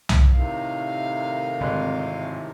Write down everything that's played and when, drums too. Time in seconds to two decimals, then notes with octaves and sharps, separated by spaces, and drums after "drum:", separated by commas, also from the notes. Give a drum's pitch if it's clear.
0.09 drum: tom C2
0.34 A2 C3 D#3 F5
1.61 G#1 D3 F#6